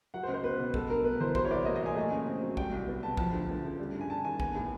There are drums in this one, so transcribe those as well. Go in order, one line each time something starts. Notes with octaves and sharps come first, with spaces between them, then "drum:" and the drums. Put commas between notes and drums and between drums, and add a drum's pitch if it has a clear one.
F#3 F#5
C5
C#2
C5
B3 B4
B2
G#3 A4, drum: kick A#1
G2 A#4
B3 B4
E3 C5
F#3 C5, drum: kick A#1
C#5
C2 D5
A#3 D#5
D#5
A#2
G#5
A3
C#3
C4
F#3
G3 G5, drum: kick A#1
C2
B3
B2 A5
F3 A5, drum: kick A#1
D2
D2
C#3
G3
G2
G#5
G2 A5
D#3 G#5
B3 G#5, drum: kick A#1
A2